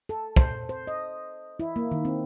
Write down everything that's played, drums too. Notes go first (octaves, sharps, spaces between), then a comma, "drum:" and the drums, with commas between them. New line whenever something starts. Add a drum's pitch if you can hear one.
A4
C5, drum: kick
C5
D#5
E4
A#3
D#3
C4